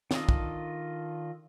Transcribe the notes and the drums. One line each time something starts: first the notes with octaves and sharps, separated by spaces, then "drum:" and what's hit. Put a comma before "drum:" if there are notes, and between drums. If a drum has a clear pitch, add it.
D#3 D4 F4 A4 D#5, drum: snare
drum: kick